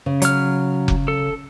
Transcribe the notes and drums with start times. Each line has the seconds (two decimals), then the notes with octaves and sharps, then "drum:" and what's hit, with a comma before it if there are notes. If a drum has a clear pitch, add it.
0.06 C#3
0.22 F#3 F6, drum: hi-hat
0.88 drum: kick F1
1.08 A4